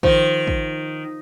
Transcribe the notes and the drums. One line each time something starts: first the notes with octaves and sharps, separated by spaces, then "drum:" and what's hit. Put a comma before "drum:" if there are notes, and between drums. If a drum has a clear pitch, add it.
D#3 F3, drum: kick
drum: kick